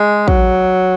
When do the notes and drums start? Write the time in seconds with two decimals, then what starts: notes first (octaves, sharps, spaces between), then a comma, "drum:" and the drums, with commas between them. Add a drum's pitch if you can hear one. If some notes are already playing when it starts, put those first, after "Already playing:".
Already playing: G#3
0.28 F#3, drum: kick